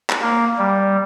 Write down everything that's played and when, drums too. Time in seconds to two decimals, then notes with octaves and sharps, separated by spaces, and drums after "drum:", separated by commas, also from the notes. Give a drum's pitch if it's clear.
0.10 drum: clap
0.22 A#3
0.58 G3